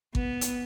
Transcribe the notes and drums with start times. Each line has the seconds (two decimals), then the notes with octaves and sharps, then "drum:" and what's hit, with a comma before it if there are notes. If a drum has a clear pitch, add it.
0.15 B3, drum: kick G#1
0.41 drum: hi-hat